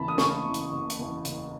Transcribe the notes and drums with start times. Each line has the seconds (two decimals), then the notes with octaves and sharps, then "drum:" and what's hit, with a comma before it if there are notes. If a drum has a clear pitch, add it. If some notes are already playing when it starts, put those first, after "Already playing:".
Already playing: F#1 E2 C#3 E3 A5 B5
0.08 D#6
0.18 F#1 C#6, drum: snare
0.45 E2 C#3 E3
0.54 drum: hi-hat
0.72 F#1
0.90 drum: hi-hat
0.99 E2 C#3 E3
1.25 F#1, drum: hi-hat